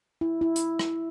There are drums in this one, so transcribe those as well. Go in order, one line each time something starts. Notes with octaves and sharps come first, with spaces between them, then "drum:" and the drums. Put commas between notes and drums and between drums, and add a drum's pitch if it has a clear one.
E4
E4
drum: hi-hat
drum: rim click